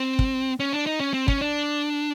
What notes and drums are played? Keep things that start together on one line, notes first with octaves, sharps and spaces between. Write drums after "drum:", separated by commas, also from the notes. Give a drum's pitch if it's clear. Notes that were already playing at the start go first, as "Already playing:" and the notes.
Already playing: C4
drum: kick
C#4
D4
D#4
C#4
C4
C#4, drum: kick
D4